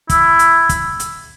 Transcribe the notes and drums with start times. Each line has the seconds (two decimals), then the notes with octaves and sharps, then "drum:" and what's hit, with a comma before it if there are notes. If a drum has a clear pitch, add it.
0.10 E4, drum: kick, hi-hat
0.39 drum: hi-hat
0.69 drum: kick, hi-hat
1.00 drum: hi-hat